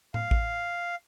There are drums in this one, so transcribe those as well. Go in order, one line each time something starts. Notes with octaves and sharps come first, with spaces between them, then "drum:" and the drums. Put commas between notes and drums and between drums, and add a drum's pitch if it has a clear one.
F5, drum: tom A2
drum: kick A1